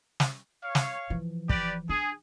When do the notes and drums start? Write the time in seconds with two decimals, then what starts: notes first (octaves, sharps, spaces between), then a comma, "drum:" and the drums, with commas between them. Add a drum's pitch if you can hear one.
0.20 drum: snare
0.63 C#5 F5
0.75 drum: snare
1.10 E3 F3
1.49 G4 B4 D5, drum: kick
1.89 D4 G#4